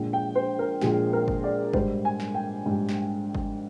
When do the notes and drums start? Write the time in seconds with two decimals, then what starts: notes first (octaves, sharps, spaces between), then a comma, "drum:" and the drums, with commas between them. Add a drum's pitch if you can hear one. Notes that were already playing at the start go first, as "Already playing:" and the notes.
Already playing: A#1 A#2 F3 G#3
0.13 G5
0.35 C5
0.59 A#4
0.81 A#1 A#2 F3 G#3 G#4, drum: snare
1.13 A#4
1.28 drum: kick G1
1.44 D5
1.73 A#1 G#2 G3 C5, drum: kick G1
2.05 G#5
2.20 drum: snare
2.34 G5
2.66 A#1 G#2 G3
2.89 drum: snare
3.35 drum: kick G1